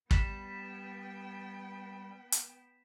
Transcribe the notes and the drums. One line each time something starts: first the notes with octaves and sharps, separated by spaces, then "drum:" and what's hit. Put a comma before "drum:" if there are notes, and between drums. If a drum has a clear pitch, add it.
G3 B3 G5 B6 E7, drum: kick
drum: hi-hat